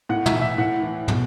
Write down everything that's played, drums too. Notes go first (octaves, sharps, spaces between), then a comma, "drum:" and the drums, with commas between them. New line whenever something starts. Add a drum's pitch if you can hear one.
A2 F#5
E5, drum: tom
E3
E5
A2 F#5
E3
B2, drum: tom